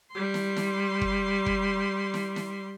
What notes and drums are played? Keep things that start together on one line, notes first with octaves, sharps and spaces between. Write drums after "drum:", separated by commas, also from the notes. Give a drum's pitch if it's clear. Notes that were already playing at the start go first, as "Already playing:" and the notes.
G3 C6
drum: snare
drum: snare
drum: kick
drum: kick
drum: snare
drum: snare